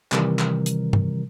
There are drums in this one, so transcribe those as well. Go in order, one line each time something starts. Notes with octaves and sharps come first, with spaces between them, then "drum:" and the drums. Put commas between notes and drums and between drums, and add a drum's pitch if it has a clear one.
C3 D#3 E3 G3 A#4, drum: clap
drum: clap
drum: hi-hat
drum: tom G2